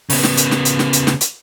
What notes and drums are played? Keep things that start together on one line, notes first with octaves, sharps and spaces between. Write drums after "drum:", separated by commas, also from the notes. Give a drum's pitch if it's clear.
C#3 B3, drum: open hi-hat
drum: snare
drum: hi-hat
drum: snare
drum: hi-hat
drum: snare
drum: hi-hat
drum: snare
drum: hi-hat